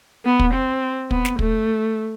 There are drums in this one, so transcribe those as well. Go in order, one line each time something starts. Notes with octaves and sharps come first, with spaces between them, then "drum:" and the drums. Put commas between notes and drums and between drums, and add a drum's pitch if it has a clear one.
B3
drum: kick
C4
B3, drum: kick
drum: snare
A3, drum: kick